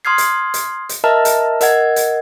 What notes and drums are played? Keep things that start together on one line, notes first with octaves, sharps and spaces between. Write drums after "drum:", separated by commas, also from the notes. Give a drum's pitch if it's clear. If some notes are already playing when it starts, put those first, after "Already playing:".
C6 D#6 F6 G#6 C7
drum: hi-hat
drum: hi-hat
drum: hi-hat
A#4 D#5 E5 A5 A#5 F6
drum: hi-hat
A#4 D#5 F#5 G#6, drum: hi-hat
drum: hi-hat